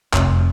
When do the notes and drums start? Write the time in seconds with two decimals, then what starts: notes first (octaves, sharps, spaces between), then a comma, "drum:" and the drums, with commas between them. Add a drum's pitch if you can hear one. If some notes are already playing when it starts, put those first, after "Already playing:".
0.14 F1, drum: clap